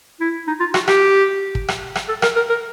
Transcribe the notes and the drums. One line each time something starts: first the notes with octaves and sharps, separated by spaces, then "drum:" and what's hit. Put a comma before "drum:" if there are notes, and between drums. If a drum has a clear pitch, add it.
E4
D#4
F4
F#4, drum: rim click
G4, drum: rim click
drum: kick
drum: rim click
drum: rim click
A4
A#4, drum: rim click
A#4
A#4